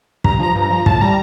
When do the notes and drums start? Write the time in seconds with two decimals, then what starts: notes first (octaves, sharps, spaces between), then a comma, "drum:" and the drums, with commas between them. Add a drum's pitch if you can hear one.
0.24 G2 A#5, drum: kick
0.40 F3 A#5
0.55 G2
0.62 A#5
0.71 F3
0.86 A2 A5, drum: kick
1.01 G3 A#5